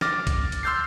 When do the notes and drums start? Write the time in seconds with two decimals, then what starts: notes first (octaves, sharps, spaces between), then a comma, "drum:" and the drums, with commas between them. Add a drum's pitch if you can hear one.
0.01 D6 F6 A6 A#6, drum: snare
0.27 drum: kick, hi-hat
0.52 drum: hi-hat
0.63 C6 E6 F6 G6 A6 C7